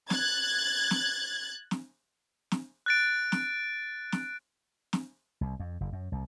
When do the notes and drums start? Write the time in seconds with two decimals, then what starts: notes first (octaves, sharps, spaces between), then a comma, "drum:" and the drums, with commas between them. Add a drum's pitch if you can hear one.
0.10 F#6 G#6 A6, drum: snare
0.91 drum: snare
1.71 drum: snare
2.52 drum: snare
2.86 F#6 A6 D7
3.32 drum: snare
4.12 drum: snare
4.93 drum: snare
5.41 C2
5.60 F2
5.81 F#1
5.93 F#2
6.12 C2